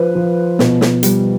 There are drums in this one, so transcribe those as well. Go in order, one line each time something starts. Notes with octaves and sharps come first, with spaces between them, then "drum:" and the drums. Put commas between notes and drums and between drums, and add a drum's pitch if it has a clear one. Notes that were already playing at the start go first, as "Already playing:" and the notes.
Already playing: F3 B4 C5
F3
B2, drum: snare
drum: snare
G3, drum: hi-hat